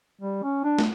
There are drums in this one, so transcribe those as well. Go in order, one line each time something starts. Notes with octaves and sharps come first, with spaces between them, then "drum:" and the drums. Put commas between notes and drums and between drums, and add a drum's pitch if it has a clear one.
G3
C#4
D4
drum: snare